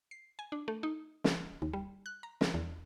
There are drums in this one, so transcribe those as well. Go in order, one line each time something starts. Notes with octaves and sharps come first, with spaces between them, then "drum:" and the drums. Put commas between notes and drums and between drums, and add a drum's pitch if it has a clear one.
C7
G#5
D4
A3
D#4
drum: snare
D#2
G3
F#6
A#5
A#4, drum: snare
E2